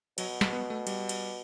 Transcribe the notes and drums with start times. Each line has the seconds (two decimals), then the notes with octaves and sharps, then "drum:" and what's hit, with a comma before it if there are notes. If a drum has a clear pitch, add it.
0.18 B2 F#3, drum: cymbal
0.41 drum: snare
0.52 B3
0.70 A3
0.87 G3, drum: cymbal
1.09 drum: cymbal